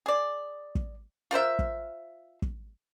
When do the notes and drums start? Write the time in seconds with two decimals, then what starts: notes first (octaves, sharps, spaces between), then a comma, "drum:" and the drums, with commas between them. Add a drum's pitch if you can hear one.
0.06 G#4 D5
0.75 drum: kick
1.31 F4 A#4 C5 E5
1.59 drum: kick
2.42 drum: kick